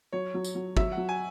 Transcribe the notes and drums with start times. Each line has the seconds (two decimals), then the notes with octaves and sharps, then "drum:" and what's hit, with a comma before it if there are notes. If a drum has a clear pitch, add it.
0.13 F#3 C#5
0.34 F#3
0.45 drum: tambourine
0.55 F#3
0.77 F#3 E5, drum: kick
0.92 F#5
0.97 F#3
1.09 G#5